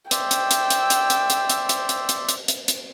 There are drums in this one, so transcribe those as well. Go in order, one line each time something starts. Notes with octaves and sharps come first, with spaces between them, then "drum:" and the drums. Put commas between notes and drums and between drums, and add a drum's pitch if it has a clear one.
C5 D5 E5 G5 E6, drum: hi-hat
drum: hi-hat
drum: hi-hat
drum: hi-hat
drum: hi-hat
drum: hi-hat
drum: hi-hat
drum: hi-hat
drum: hi-hat
drum: hi-hat
drum: hi-hat
drum: hi-hat
drum: hi-hat
drum: hi-hat